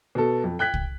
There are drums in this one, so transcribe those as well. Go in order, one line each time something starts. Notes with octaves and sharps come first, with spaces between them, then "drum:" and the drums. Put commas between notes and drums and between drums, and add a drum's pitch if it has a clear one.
B2 A4
F2
G5 F#6 G#6 B6
drum: kick